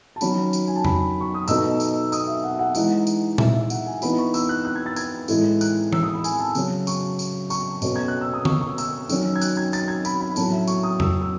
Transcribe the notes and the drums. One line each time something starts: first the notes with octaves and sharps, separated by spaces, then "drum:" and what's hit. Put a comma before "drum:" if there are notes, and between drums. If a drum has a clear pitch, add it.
A5
D#3 F#3 C#4 B5, drum: tambourine
drum: tambourine
G#5
A5
B5, drum: tom F2
C#6
D#6
B2 A3 D#4 E6, drum: tambourine
drum: tambourine
D#6, drum: tambourine
E5
F#5
F#5
E3 G#3 D#4 F#5, drum: tambourine
drum: tambourine
E5, drum: tom A#2
E5
F#5, drum: tambourine
G#5
E3 B3 D#4 B5, drum: tambourine
C#6
E6, drum: tambourine
F#6
F#6
G#6
A6
G#6, drum: tambourine
A2 E3 G#3 D#4, drum: tambourine
F#6, drum: tambourine
E6, drum: tom E3
D#6
B5
G#5, drum: tambourine
A5
C#3 F#3 C#4, drum: tambourine
C#6, drum: tambourine
drum: tambourine
C#6, drum: tambourine
B2 A3 C#4, drum: tambourine
G#6
F#6
E6
D#6
C#6, drum: tom D3
C#6
E6, drum: tambourine
D#3 F#3 C#4, drum: tambourine
G#6
F#6, drum: tambourine
G#6
A6, drum: tambourine
G#6
B5, drum: tambourine
B5
A2 F#3 C#4 A5, drum: tambourine
E5
C#6, drum: tambourine
D#6
E6, drum: tom F2
E6